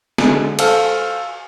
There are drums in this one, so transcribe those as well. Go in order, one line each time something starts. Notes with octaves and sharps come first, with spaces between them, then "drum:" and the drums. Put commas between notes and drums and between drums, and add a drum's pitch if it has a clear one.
D3 G#3, drum: snare
A4 C5 F5 A5 E6 F6, drum: cymbal